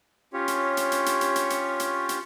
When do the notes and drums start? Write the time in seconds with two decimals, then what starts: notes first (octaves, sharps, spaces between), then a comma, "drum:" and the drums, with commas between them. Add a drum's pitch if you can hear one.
0.33 C#4 F4 G4 C#5
0.48 drum: hi-hat
0.77 drum: hi-hat
0.92 drum: hi-hat
1.06 drum: hi-hat
1.21 drum: hi-hat
1.36 drum: hi-hat
1.50 drum: hi-hat
1.80 drum: hi-hat
2.09 drum: hi-hat